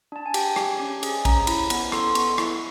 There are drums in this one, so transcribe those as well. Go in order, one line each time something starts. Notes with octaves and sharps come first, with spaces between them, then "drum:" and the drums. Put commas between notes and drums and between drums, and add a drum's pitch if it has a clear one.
D4 A5
G#5
G4 G5, drum: cymbal
G4 G#5, drum: rim click
C#4
G#4, drum: cymbal
C#4 A#5, drum: kick A#1, cymbal
E4 B5, drum: cymbal
B3, drum: cymbal
A4 C6, drum: rim click
B3 C#6, drum: cymbal
E4, drum: rim click